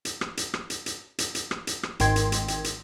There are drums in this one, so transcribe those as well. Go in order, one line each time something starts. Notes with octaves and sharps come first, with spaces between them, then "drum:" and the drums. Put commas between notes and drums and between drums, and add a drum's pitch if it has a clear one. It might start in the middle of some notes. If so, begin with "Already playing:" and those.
drum: hi-hat
drum: rim click
drum: hi-hat
drum: rim click
drum: hi-hat
drum: hi-hat
drum: hi-hat
drum: hi-hat
drum: rim click
drum: hi-hat
drum: rim click
G#1 G#2 D#3 G5 C6 G#6, drum: hi-hat
drum: hi-hat
drum: hi-hat
drum: hi-hat
drum: hi-hat